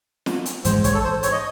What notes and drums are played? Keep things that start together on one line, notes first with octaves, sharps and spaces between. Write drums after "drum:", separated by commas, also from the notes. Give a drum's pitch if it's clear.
drum: snare
drum: hi-hat
G#2 E3 G#3 C5, drum: hi-hat
C#5, drum: kick, hi-hat
A4
C5
C#5, drum: hi-hat
D#5